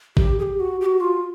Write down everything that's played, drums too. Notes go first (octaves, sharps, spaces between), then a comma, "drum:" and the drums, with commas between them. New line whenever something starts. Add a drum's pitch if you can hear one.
G4, drum: kick A1
G#4
G4
F#4
G4
F#4
F4